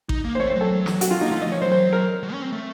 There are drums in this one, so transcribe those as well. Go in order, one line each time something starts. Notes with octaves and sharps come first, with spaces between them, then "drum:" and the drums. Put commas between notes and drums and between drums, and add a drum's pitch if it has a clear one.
D#4, drum: kick A1
A#3
C5
A3 C#5
C5
F#3
A4
drum: snare
F#4, drum: hi-hat
F4
A#3 D#4
A3 F4
D#5
F3
C#5
F#3 C5
C5
A#4
F#3
C#4
C4
A3